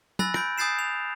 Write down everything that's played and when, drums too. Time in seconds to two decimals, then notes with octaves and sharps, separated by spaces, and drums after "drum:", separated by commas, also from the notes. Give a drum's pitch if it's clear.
0.19 G#5 B5 E6 F#6 A6 A#6, drum: tom
0.34 B5 G6 D7, drum: rim click
0.58 G#5 D#6 G6 A6 C7 E7
0.79 F7